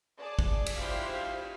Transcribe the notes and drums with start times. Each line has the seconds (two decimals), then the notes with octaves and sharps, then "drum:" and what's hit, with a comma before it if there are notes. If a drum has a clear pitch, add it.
0.20 G#4 D5 A5
0.39 drum: kick
0.66 drum: cymbal
0.78 D4 E4 G4 C5 F5